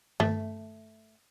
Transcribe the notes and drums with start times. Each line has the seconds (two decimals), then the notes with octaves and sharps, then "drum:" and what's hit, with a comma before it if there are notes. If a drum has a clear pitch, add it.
0.20 A3, drum: tom G2